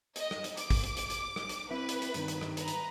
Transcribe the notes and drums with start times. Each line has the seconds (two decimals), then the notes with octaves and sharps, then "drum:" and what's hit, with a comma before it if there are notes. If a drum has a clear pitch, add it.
0.16 D#5, drum: hi-hat
0.31 drum: rim click
0.44 drum: hi-hat
0.57 D6, drum: hi-hat
0.70 drum: kick, open hi-hat
0.84 drum: hi-hat
0.97 drum: hi-hat
1.10 drum: hi-hat
1.36 drum: rim click
1.49 drum: hi-hat
1.71 C4 E4 B4
1.89 drum: hi-hat
2.02 drum: hi-hat
2.14 G2 D#3, drum: hi-hat
2.28 drum: hi-hat
2.41 drum: rim click
2.57 B4 A#5, drum: hi-hat
2.68 drum: hi-hat